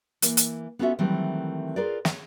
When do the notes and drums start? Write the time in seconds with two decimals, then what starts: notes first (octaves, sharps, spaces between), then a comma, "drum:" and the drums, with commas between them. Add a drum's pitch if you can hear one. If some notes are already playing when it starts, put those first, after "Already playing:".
0.22 E3 A#3, drum: hi-hat
0.37 drum: hi-hat
0.79 B3 C#4 F4 F#4 A4 E5
0.99 D#3 E3 F#3 G3 A3 C4
1.76 F4 G#4 A#4 B4 D5
2.05 C#5, drum: snare